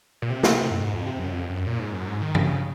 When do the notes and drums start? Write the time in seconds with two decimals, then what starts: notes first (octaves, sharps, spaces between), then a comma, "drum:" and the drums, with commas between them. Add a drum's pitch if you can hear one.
0.22 A#2
0.30 C3
0.43 drum: snare
0.71 F#2
0.80 G#2
0.94 F2
1.07 C3
1.19 F#2
1.32 F2
1.49 F#2
1.67 A#2
1.79 G#2
1.94 F#2
2.08 G#2
2.22 D#3
2.35 C#3, drum: tom G2